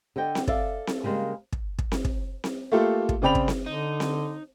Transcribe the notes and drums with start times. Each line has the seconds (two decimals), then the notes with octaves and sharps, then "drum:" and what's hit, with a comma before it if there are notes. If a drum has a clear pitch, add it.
0.16 D3 A4 D#5 G5
0.35 drum: snare C4
0.47 A4 D5 E5 F5, drum: kick
0.87 drum: snare C4
1.04 C#3 G3 G#3 A#3
1.52 drum: kick
1.79 drum: kick
1.92 drum: snare C4
2.05 drum: kick
2.44 drum: snare C4
2.72 A3 A#3 F4 G4 A4
3.09 drum: kick
3.22 C#3 C4 D5 G5 B5 F7
3.35 drum: kick
3.48 drum: snare C4
3.66 D3 D#4
4.00 drum: snare C4